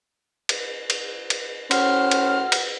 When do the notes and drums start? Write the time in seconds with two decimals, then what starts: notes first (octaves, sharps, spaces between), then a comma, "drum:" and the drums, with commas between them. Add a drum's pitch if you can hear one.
0.49 drum: cymbal
0.90 drum: cymbal
1.30 drum: cymbal
1.71 A2 C#4 F#4 C5 F6, drum: cymbal
2.11 drum: cymbal
2.52 drum: cymbal